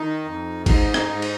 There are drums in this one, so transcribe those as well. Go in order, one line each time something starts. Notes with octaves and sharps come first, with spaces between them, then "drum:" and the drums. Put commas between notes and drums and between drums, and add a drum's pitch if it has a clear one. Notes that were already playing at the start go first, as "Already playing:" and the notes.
Already playing: D#3 D#4
F2
G#2 D#4, drum: kick G#1, cymbal
drum: rim click
G#2
drum: cymbal